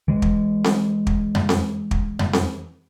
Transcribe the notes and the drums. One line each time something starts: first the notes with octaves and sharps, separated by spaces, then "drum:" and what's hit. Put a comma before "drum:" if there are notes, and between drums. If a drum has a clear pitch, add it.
E3 G#3
drum: kick
drum: snare C4
drum: kick
drum: tom F2
drum: snare C4
drum: kick
drum: tom F2
drum: snare C4